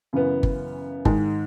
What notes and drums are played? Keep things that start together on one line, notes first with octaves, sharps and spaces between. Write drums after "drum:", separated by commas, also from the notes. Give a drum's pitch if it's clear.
F#2 C#3 E3 B3
drum: kick G1
G#2 D#3 G#3, drum: kick G1